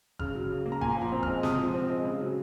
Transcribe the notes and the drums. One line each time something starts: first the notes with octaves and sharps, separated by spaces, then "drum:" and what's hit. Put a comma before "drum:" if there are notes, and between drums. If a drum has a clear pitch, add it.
C#3 F6, drum: kick G1
F#3
C#3
A#3
A#5
A#2 G#5, drum: kick G1
F3 A#5
C4
G#3 F6, drum: kick G1
C3 D#6, drum: snare
F3
C4
G#3
C#3
F#3